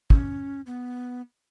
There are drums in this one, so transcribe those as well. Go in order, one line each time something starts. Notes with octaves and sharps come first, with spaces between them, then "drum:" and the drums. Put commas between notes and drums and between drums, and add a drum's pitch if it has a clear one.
C#4, drum: kick
B3